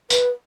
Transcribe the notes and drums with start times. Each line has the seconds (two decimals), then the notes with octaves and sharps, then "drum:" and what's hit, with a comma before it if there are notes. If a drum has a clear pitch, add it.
0.10 B4, drum: tambourine